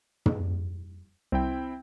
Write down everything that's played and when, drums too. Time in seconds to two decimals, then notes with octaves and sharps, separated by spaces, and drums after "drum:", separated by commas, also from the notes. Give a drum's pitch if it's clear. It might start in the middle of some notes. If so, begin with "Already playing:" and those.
0.26 drum: tom
1.32 C2 C4 E4 G5